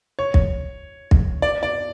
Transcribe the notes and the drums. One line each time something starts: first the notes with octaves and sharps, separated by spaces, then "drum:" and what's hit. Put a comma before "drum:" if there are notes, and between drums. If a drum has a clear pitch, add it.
C#5
drum: kick
drum: kick
D5
D5